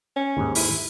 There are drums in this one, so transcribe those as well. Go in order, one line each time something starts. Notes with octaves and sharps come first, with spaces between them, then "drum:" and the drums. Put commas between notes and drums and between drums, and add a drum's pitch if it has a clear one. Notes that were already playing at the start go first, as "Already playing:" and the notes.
C#4
D#2 G#2
E4, drum: open hi-hat